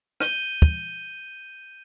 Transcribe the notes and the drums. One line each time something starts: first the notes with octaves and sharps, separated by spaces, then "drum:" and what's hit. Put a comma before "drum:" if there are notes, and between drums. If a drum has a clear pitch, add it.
G6 D#7 G7, drum: rim click
drum: kick